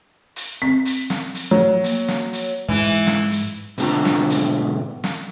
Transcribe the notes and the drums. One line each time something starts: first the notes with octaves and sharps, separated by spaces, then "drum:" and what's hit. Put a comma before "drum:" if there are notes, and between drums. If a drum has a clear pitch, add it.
drum: hi-hat
C4 B6
drum: hi-hat
drum: snare
drum: hi-hat
F#3
A#3, drum: hi-hat
drum: snare
drum: hi-hat
G#2 E3 G#3
drum: hi-hat
drum: snare
drum: hi-hat
B1 G#2 D3 D4 F4 A#5, drum: hi-hat
drum: snare
drum: hi-hat
drum: snare